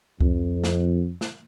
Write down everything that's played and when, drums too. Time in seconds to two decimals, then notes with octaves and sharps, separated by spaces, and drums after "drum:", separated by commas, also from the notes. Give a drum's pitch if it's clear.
0.20 F2, drum: kick C#2
0.64 drum: snare
1.21 drum: snare